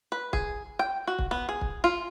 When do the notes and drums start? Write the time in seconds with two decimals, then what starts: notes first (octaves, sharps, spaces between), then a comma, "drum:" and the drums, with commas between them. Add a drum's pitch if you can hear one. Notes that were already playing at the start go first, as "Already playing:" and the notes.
0.12 B4
0.33 G#4, drum: kick
0.79 G5
1.08 F#4
1.19 drum: kick
1.31 B3
1.49 G#4
1.61 drum: kick
1.84 F4